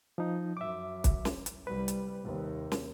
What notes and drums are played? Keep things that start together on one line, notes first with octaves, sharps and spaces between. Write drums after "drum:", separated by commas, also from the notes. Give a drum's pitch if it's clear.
F3 D#4
F#2 E5 D6
drum: kick, hi-hat
drum: snare
drum: hi-hat
C2 G3 B4
drum: hi-hat
D#2 C3
drum: snare